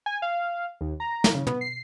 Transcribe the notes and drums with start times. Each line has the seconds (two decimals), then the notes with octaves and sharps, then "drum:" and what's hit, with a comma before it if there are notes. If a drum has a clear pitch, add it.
0.06 G#5
0.22 F5
0.81 D#2
1.00 A#5
1.24 drum: snare
1.35 C#3
1.47 B3, drum: tom
1.61 C7